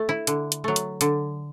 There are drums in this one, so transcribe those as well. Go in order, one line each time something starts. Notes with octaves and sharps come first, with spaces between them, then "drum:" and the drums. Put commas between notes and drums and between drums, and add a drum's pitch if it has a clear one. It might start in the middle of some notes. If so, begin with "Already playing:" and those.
Already playing: A3
E4
D3, drum: hi-hat
drum: hi-hat
F#3 A3
drum: hi-hat
D3, drum: hi-hat